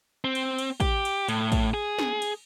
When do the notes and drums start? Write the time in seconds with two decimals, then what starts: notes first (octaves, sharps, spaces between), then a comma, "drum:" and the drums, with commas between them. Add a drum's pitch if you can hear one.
0.24 C4
0.35 drum: cymbal
0.58 drum: cymbal
0.80 G4, drum: kick A1, cymbal
1.05 drum: cymbal
1.29 A2, drum: cymbal
1.52 drum: kick A1, cymbal
1.74 G#4
1.99 drum: snare
2.22 drum: cymbal